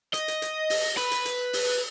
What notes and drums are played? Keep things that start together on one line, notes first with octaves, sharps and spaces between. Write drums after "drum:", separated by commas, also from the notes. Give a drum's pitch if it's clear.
D#5, drum: hi-hat
drum: hi-hat
drum: hi-hat
drum: open hi-hat
B4, drum: hi-hat
drum: hi-hat
drum: hi-hat
drum: open hi-hat